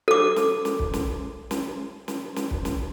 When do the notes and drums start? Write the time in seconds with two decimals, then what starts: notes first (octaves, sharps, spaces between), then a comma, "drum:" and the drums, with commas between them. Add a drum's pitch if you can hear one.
0.08 A4 D6
0.36 drum: snare
0.65 drum: snare
0.79 drum: kick
0.94 drum: snare
1.51 drum: snare
2.08 drum: snare
2.36 drum: snare
2.51 drum: kick
2.65 drum: snare